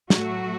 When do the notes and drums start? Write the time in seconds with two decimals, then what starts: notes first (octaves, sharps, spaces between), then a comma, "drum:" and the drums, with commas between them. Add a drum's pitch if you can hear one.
0.10 A2 F#3 A3 F#4, drum: snare